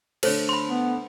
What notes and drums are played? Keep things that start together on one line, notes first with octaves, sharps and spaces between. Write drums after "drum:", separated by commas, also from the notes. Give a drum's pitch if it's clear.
D3 A3 C5 C#5, drum: cymbal
B5 C6
B3